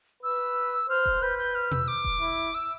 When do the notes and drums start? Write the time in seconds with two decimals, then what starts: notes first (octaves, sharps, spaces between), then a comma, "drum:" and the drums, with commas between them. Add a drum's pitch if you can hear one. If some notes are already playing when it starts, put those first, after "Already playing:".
0.23 B4 E6
0.89 C5 F6
1.06 drum: kick E1
1.22 B4 G6
1.39 G6
1.55 F6
1.71 E6, drum: tom B2
1.88 D6
2.04 drum: kick E1
2.21 E4
2.55 E6